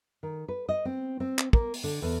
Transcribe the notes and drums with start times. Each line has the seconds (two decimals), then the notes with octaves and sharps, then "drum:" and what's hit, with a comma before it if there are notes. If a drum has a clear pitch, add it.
0.23 D#3
0.48 B4
0.69 D#5
0.85 C4
1.20 C4
1.39 drum: clap
1.53 A#3, drum: kick
1.74 drum: open hi-hat
1.84 D3
2.02 E2